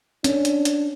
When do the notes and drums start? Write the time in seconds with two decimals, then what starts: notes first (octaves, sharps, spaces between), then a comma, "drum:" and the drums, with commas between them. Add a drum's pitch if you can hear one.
0.24 C#4 D4, drum: hi-hat
0.45 drum: hi-hat
0.65 drum: hi-hat